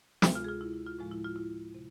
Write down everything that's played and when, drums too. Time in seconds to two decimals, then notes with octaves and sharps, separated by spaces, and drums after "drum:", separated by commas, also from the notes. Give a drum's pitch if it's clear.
0.22 D2 C3 G#3 A4, drum: snare
0.35 F4
0.44 G#4
0.49 F4
0.61 E4
0.73 E4
0.86 F4
0.99 A2 F3 G#3
1.11 E4
1.24 F4
1.36 E4
1.74 C3